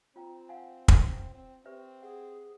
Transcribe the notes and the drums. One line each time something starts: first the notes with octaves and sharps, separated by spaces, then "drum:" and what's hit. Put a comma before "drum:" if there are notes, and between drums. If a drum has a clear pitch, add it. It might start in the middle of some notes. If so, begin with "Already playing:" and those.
C4 F4 G5 A#5
F5 F#5 G#5
drum: kick
C4
C4 G4 B4 E5
G#4 F#5